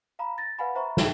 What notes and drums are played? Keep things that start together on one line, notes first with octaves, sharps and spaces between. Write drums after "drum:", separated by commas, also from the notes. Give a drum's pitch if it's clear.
F5 A#5 B5
A6 A#6
B4 F5 F#5 G#5 B5
C5 E5 A#5 B5 C#6
C#5 E5 G5 A5, drum: snare